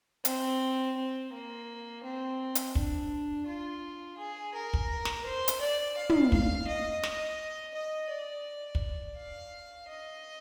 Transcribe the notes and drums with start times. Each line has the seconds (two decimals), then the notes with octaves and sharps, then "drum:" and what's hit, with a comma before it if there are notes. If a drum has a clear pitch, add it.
0.25 C4, drum: hi-hat
0.96 C4
1.33 A#3
2.03 C4
2.55 drum: hi-hat
2.75 D4, drum: kick
3.47 F4
4.17 G#4
4.54 A#4
4.74 drum: kick
5.05 drum: snare
5.24 C5
5.48 drum: hi-hat
5.60 D5
5.97 F5
6.10 drum: tom
6.32 F5, drum: kick
6.67 D#5
7.03 D#5, drum: snare
7.74 D#5
8.10 D5
8.75 drum: kick
9.17 F5
9.88 D#5